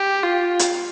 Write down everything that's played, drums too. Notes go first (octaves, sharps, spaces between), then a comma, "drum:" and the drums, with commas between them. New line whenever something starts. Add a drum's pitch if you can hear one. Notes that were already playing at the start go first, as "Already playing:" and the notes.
Already playing: G4
F4
drum: hi-hat